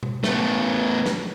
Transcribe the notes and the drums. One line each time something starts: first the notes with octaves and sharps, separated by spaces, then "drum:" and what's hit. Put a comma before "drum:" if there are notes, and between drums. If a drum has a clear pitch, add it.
drum: tom B2
A3 B3, drum: snare
drum: snare